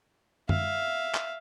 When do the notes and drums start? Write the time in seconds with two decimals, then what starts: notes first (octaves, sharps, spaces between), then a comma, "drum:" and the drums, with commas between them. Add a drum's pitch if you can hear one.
0.49 E5 F5, drum: tom F#2
1.14 drum: clap